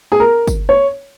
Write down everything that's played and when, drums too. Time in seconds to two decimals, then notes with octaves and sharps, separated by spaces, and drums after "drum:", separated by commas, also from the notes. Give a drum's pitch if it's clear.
0.12 G#4
0.20 A#4
0.47 drum: kick, tambourine
0.69 C#5